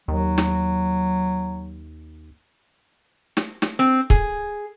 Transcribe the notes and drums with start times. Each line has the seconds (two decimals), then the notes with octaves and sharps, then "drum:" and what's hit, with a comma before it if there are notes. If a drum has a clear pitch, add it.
0.08 D#2 F#3
0.38 drum: snare
3.37 drum: snare
3.62 drum: snare
3.79 C4
4.10 G#4, drum: kick